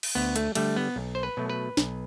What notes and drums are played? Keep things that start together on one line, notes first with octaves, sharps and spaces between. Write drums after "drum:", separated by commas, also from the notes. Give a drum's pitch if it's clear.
drum: cymbal
D2 B3
A3, drum: hi-hat
D3 G3 A3, drum: cymbal
B3
B1
C5
B4
B2 F#3 A3
B4
B1, drum: snare